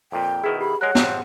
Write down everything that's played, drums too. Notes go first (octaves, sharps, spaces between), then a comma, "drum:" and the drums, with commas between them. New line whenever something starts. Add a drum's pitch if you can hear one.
F2 A#2 G5
B2 D#3 E4 G#4 B4
G4 B5
G#3 A#4 C#5 F#5 F#6
F3 C4, drum: snare